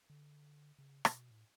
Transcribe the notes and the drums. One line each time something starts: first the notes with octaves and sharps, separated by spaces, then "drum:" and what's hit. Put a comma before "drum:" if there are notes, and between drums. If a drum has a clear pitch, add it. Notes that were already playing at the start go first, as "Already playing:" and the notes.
D3
C#3
B2, drum: rim click
A2